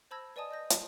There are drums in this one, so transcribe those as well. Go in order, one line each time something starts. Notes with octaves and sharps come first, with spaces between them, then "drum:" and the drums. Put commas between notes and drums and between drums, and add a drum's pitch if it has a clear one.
C5 A5 B5 E6 G#6 A#6
B4 D5 D#5 G#5 A5 D#6
D#5 G6 A#6
A5, drum: hi-hat